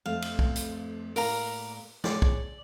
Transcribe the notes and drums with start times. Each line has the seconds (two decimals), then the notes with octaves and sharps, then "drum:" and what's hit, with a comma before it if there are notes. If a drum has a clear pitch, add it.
0.06 F2 A3 C4 F5
0.22 drum: cymbal
0.39 drum: kick
0.56 drum: hi-hat
1.16 A2 A#3 A#4 D5 F5 A#5, drum: open hi-hat
2.04 G#4 C#5 D5, drum: snare
2.22 drum: kick